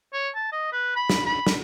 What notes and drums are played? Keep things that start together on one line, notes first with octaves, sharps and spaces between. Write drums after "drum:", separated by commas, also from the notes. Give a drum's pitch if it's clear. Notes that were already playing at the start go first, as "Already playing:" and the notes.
C#5
A5
D#5
B4
B5
drum: snare
B5
drum: snare